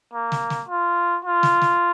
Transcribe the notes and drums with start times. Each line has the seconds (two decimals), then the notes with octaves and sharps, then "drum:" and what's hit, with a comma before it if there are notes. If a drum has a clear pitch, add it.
0.13 A#3
0.32 drum: snare
0.50 drum: snare
0.69 F4
1.25 F4
1.43 drum: snare
1.62 drum: snare